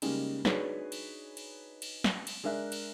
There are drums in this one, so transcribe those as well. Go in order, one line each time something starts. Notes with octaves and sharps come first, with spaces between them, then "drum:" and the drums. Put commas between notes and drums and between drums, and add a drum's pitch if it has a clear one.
C#3 G3 G#3 A#3 C#4 D#4, drum: cymbal
D4 D#4 F#4 G#4 B4 C#5, drum: snare
drum: cymbal
drum: cymbal
drum: cymbal
drum: snare
drum: cymbal
G#3 D4 A#4 E5 F#6
drum: cymbal